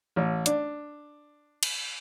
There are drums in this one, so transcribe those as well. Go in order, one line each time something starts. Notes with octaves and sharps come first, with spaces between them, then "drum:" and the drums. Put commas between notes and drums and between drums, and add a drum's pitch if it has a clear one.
A1
D4, drum: hi-hat
drum: cymbal